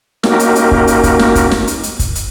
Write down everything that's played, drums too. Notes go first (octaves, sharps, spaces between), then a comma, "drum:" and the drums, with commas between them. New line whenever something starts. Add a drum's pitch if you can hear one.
A#3 C#4 D#4 F#4 G4 A#4, drum: snare
drum: hi-hat
drum: hi-hat
drum: kick
drum: hi-hat
drum: kick, hi-hat
drum: snare
drum: kick, hi-hat
drum: snare
drum: hi-hat
drum: hi-hat
drum: kick, hi-hat
drum: hi-hat